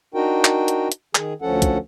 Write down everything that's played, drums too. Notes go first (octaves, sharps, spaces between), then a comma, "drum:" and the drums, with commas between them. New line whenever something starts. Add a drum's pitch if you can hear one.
D4 D#4 F#4 A#4 G5
drum: clap
drum: hi-hat
drum: hi-hat
D#3 G#4, drum: clap
D2 F3 C#4 A4 F#5
drum: kick, hi-hat